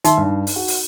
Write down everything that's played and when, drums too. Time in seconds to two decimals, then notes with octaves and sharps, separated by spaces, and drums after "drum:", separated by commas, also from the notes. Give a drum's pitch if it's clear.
0.04 D#3 D#4 E5 C6, drum: hi-hat
0.18 G2
0.47 drum: open hi-hat
0.56 F#4
0.68 drum: open hi-hat